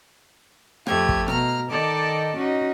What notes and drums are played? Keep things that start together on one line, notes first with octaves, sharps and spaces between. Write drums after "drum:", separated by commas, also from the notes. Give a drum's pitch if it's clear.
F2 A3 G4 G#6, drum: rim click
drum: kick
B2 A#5 F6, drum: rim click
D#3 D#4 A4 D5 A5 D6
C#4 D#4 F#4